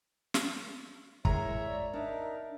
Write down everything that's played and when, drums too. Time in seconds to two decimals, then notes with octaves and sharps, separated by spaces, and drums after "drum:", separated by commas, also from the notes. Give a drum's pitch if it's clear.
0.34 drum: snare
1.25 G#3 E4 A#4 C#5 E5 A#5, drum: kick
1.66 D5
1.94 D4 D#4 A#4 E5